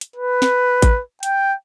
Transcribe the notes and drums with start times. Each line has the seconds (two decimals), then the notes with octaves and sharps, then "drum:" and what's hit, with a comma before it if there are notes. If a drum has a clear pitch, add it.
0.01 drum: hi-hat
0.16 B4
0.42 drum: snare
0.82 drum: kick A1, hi-hat
1.23 G5, drum: hi-hat